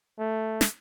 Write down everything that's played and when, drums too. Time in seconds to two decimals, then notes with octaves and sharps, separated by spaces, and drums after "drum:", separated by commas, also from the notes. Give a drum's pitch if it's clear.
0.19 A3
0.61 drum: snare